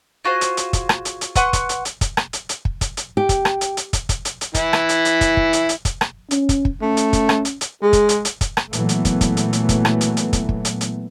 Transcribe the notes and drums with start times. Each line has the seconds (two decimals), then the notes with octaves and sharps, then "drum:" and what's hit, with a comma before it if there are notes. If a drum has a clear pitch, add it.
0.25 F4 F#4 G#4 C5
0.41 drum: hi-hat
0.57 drum: hi-hat
0.73 drum: kick, hi-hat
0.89 drum: rim click
1.05 drum: hi-hat
1.21 drum: hi-hat
1.35 B4 F#5 C6 C#6, drum: kick, hi-hat
1.53 drum: kick, hi-hat
1.69 drum: hi-hat
1.85 drum: hi-hat
2.01 drum: kick, hi-hat
2.17 drum: rim click
2.33 drum: hi-hat
2.49 drum: hi-hat
2.65 drum: kick
2.81 drum: kick, hi-hat
2.97 drum: hi-hat
3.17 G4
3.29 drum: kick, hi-hat
3.45 drum: rim click
3.61 drum: hi-hat
3.77 drum: hi-hat
3.93 drum: kick, hi-hat
4.09 drum: kick, hi-hat
4.25 drum: hi-hat
4.41 drum: hi-hat
4.55 E3 E4, drum: kick, hi-hat
4.73 drum: rim click
4.89 drum: hi-hat
5.05 drum: hi-hat
5.21 drum: kick, hi-hat
5.37 drum: kick
5.53 drum: hi-hat
5.69 drum: hi-hat
5.85 drum: kick, hi-hat
6.01 drum: rim click
6.31 C#4, drum: hi-hat
6.49 drum: kick, hi-hat
6.65 drum: kick
6.82 A3 C#4
6.97 drum: hi-hat
7.13 drum: kick, hi-hat
7.29 drum: rim click
7.45 drum: hi-hat
7.61 drum: hi-hat
7.82 G#3 G#4
7.93 drum: kick, hi-hat
8.09 drum: hi-hat
8.25 drum: hi-hat
8.41 drum: kick, hi-hat
8.57 drum: rim click
8.73 A#2 E3 F#3 A3 B3, drum: hi-hat
8.89 drum: hi-hat
9.05 drum: kick, hi-hat
9.21 drum: kick, hi-hat
9.37 drum: hi-hat
9.53 drum: hi-hat
9.69 drum: kick, hi-hat
9.85 drum: rim click
10.01 drum: hi-hat
10.17 drum: hi-hat
10.33 drum: kick, hi-hat
10.49 drum: kick
10.65 drum: hi-hat
10.81 drum: hi-hat